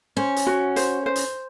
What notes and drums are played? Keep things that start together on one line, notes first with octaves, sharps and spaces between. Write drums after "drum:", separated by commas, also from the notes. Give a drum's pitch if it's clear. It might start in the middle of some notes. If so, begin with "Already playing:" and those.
C#4 C5
drum: hi-hat
F#4
C5, drum: hi-hat
C5
drum: hi-hat